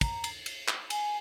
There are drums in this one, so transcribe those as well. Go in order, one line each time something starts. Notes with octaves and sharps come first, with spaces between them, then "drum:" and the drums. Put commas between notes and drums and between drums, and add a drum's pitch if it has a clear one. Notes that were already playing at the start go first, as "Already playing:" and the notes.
A#5, drum: kick, cymbal
drum: cymbal
drum: cymbal
drum: clap
G#5, drum: cymbal